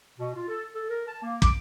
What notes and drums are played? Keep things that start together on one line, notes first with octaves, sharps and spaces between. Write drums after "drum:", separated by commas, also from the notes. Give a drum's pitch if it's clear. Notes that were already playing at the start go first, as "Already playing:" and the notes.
B2
F4
A4
A4
A#4
A5
A#3
D6, drum: kick